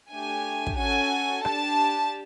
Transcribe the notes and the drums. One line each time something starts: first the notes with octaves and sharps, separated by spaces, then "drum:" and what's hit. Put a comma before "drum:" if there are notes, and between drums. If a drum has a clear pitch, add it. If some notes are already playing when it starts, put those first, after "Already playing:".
A3 D4 G4 G#5
drum: kick
C#4 F#4 A4 G#5
D4 G4 A5, drum: rim click